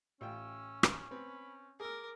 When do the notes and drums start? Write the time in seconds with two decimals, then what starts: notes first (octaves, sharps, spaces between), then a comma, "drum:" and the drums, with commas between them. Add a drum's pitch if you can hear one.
0.21 A1 C#4 F4 G5 E6
0.83 drum: rim click
1.11 B3 C4 B5
1.80 G#4 A#4 D6 E6